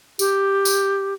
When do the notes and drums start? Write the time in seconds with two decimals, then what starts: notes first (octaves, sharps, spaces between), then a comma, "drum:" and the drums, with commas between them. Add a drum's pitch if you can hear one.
0.19 G4, drum: tambourine
0.65 drum: tambourine